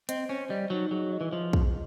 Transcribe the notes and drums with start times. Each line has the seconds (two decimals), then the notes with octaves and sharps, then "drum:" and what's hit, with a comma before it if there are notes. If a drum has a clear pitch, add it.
0.09 C4 D#5, drum: hi-hat
0.29 C#4 C5
0.50 G3 D#5
0.70 F#3 D#4
0.91 F#3 G#4
1.12 D#5
1.21 E3
1.32 F3 D#5
1.53 G#4, drum: kick